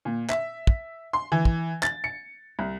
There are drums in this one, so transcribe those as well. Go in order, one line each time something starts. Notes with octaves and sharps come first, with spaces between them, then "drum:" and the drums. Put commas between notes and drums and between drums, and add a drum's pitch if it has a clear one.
A#2
E5, drum: clap
drum: kick
C6
E3
drum: kick
A6, drum: clap
C#7
C2